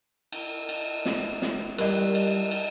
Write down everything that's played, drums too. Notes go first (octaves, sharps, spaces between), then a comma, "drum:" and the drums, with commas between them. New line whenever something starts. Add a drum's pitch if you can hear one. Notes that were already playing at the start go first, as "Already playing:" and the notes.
drum: cymbal
drum: cymbal
drum: snare
drum: snare
G3 A#4 D#5, drum: cymbal
drum: cymbal
drum: cymbal